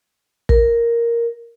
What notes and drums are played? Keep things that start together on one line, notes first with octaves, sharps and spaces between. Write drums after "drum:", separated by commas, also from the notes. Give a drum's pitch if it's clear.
A#4, drum: kick